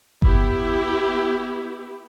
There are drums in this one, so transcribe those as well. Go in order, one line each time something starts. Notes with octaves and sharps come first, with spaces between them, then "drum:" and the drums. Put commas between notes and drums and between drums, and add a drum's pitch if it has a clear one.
B3 E4 G4, drum: kick G1